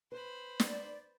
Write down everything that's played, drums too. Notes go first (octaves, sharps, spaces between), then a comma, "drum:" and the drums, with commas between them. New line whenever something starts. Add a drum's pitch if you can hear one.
B4 C5 B5
D5, drum: snare